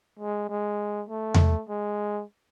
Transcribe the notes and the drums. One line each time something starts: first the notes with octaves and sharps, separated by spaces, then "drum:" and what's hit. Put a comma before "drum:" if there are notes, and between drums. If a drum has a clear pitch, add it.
G#3
G#3
A3
drum: tom E2
G#3